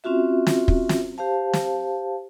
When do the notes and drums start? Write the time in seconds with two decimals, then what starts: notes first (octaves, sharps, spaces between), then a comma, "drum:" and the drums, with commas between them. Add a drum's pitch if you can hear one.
0.04 C4 C#4 F4 F#4 E5
0.47 drum: snare
0.68 drum: kick
0.89 drum: snare
1.18 G4 C5 F5 A5
1.53 drum: snare